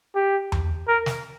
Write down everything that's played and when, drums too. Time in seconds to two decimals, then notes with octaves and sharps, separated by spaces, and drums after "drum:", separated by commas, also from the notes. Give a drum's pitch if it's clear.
0.15 G4
0.52 drum: tom E2
0.88 A#4
1.06 drum: snare